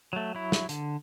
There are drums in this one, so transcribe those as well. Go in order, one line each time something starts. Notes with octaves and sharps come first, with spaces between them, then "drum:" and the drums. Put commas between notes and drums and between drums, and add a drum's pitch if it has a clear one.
F#3 A3
F#3 E4
drum: snare
D3, drum: hi-hat